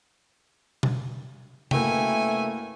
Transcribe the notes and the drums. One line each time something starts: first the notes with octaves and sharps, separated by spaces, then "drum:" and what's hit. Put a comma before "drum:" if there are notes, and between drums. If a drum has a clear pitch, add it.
drum: tom B2
F#2 B2 A3 A#3 E4 G5 G#5, drum: tom C3